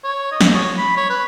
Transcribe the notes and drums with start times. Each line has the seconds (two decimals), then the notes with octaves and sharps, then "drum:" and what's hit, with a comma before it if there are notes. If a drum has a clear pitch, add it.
0.04 C#5
0.32 D#5
0.41 drum: snare
0.55 C#5
0.78 B5
0.97 C#5
1.10 B4